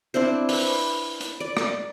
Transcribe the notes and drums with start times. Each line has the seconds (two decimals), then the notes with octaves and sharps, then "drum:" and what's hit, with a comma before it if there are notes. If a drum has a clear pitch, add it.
0.14 C4 D4 E4 C5
0.49 B4, drum: open hi-hat
1.21 drum: hi-hat
1.40 D5
1.57 drum: rim click